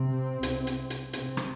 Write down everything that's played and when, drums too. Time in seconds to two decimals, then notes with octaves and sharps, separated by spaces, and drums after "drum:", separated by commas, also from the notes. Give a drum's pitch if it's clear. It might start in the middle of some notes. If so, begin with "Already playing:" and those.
Already playing: C3 C4
0.43 C2 C3, drum: hi-hat
0.67 drum: hi-hat
0.90 drum: hi-hat
1.13 C3 C4, drum: hi-hat
1.37 drum: rim click